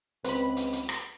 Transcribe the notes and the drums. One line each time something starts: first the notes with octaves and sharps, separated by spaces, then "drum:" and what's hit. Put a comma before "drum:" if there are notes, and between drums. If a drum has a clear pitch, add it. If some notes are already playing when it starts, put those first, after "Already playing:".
C#2 C4 B4 B5, drum: hi-hat
drum: hi-hat
drum: hi-hat
drum: rim click